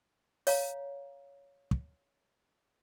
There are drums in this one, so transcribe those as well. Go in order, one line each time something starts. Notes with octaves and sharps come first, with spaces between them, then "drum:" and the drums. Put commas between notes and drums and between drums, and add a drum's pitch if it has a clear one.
C#5 F5 A#5, drum: open hi-hat
drum: kick